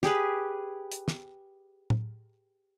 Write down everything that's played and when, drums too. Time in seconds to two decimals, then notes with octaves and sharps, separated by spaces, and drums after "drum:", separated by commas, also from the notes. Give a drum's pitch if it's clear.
0.03 G4 G#4 B4, drum: snare
0.92 drum: hi-hat
1.08 drum: snare
1.90 drum: tom A2